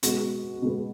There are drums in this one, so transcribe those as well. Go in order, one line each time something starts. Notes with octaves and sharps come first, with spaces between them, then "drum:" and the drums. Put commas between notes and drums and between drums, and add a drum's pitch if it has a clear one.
B2 G#3 B3 F#4, drum: hi-hat
B2 G#3 B3